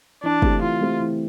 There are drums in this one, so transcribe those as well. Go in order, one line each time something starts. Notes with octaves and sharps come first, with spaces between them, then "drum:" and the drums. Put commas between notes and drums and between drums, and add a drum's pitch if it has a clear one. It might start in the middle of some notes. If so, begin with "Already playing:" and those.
E3 D4
A3 C4 G4, drum: kick
E3 F4
A3 C4 G4
E3